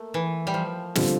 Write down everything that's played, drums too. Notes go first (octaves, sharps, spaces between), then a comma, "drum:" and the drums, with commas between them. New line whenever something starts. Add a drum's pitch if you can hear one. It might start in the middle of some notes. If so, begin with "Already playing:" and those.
Already playing: A3 A#3
E3
G3
F3
D3 G3 C4 F4, drum: snare